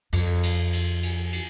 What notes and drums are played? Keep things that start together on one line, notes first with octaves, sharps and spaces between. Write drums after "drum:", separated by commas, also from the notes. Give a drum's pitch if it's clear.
F2, drum: cymbal
drum: cymbal
drum: cymbal
drum: cymbal
drum: cymbal